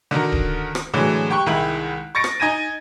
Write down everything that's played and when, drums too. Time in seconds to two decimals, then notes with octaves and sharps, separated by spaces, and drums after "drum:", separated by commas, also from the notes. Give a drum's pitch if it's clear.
0.11 D3 D#3 F#4 A#4
0.32 drum: kick D1
0.75 drum: rim click
0.93 A2 D3 E3 F#3 G#3
1.30 G4 G5 C#6 F#6
1.46 C2 D#3 G#3 E4 G5 F#7
2.15 C#6 A6 A#6 C#7 D7
2.24 drum: rim click
2.40 D#4 G#5 G#6 A#6 D#7